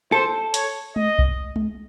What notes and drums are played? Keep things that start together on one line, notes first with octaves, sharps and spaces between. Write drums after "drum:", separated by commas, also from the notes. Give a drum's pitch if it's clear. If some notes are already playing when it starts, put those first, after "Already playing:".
A4 C5
C#5, drum: hi-hat
D#5, drum: tom G#3
drum: kick C2
drum: tom G#3